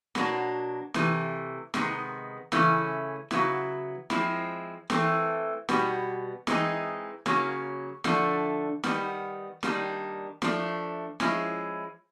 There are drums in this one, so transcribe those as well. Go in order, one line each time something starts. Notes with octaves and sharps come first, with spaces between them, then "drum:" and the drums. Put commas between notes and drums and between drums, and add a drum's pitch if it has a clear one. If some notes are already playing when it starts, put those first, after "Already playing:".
B2 F#3 A#3 D4, drum: snare
C3 E3 A3, drum: snare
C3 D#3 G#3 B3, drum: snare
C#3 E3 A3 C#4 E4, drum: snare
C#3 F#3 B3 E4, drum: snare
F3 G#3 C4 E4, drum: snare
E3 A3 C4, drum: snare
B2 G3 B3, drum: snare
E3 G#3 C4 D#4, drum: snare
C#3 F#3 A#3 C#4, drum: snare
D3 F3 A3 D4, drum: snare
D#3 G3 B3, drum: snare
D#3 G3 A#3 D4, drum: snare
F3 A3 D4, drum: snare
F3 G#3 C#4 E4, drum: snare